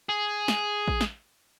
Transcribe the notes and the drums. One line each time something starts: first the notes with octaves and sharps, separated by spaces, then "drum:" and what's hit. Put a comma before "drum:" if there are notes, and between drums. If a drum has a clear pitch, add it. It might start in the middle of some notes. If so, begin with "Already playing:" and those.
G#4
drum: snare
drum: kick A1
drum: snare